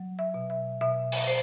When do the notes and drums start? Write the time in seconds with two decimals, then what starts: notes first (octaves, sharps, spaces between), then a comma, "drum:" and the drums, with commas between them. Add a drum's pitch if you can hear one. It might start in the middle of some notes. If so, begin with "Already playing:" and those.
Already playing: F#3
0.19 E5
0.34 B2
0.50 E5
0.81 B2 E5
1.12 drum: open hi-hat
1.27 C5